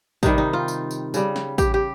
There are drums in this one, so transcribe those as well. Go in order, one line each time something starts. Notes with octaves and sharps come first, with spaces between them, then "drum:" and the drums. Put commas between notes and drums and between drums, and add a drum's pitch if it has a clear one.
C3 D#3 G3 D#4, drum: kick, tambourine
D#4
F4
drum: tambourine
drum: tambourine
C#3 G3, drum: tambourine
drum: snare
G4, drum: kick, tambourine
G4